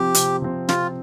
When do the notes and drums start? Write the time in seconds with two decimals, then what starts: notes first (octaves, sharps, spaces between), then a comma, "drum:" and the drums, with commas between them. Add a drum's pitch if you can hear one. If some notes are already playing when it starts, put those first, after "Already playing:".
Already playing: C3 F3 C4 G4
0.14 C3, drum: hi-hat
0.42 F3 C4
0.69 C3 F4, drum: snare